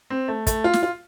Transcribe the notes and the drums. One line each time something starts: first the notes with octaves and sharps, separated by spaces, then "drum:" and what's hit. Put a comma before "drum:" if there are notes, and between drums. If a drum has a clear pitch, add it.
C4
A3
A3, drum: kick, hi-hat
F4
drum: snare
F4